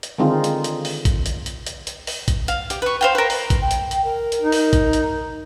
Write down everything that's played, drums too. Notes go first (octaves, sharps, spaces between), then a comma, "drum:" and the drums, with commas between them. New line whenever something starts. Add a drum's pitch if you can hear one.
drum: hi-hat
D3 D#3 G#3 C4 D#4 F4
drum: hi-hat
drum: hi-hat
drum: open hi-hat
drum: kick A1, hi-hat
drum: hi-hat
drum: hi-hat
drum: hi-hat
drum: hi-hat
drum: open hi-hat
drum: kick A1, hi-hat
F5, drum: hi-hat
G4, drum: hi-hat
B4 C#6
C5 F5 G5
A#4 B4
drum: open hi-hat
drum: kick A1, hi-hat
G5
drum: hi-hat
drum: hi-hat
A#4
drum: hi-hat
D#4
drum: open hi-hat
drum: kick A1, hi-hat
drum: hi-hat